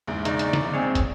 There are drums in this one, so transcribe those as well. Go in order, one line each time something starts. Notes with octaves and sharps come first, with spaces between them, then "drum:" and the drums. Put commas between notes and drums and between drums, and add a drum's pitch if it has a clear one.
A#1 E2 G#2
C#3 D#4 D5, drum: hi-hat
drum: hi-hat
drum: snare
C4 G#4 C#5
drum: kick, hi-hat